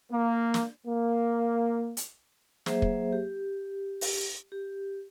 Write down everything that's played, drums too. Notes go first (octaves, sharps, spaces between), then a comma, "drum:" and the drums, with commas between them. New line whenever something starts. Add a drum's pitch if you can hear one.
A#3
drum: snare
A#3
drum: hi-hat
F#3 A#3 G#4 C5 E5, drum: snare
drum: kick
G4
drum: open hi-hat
G4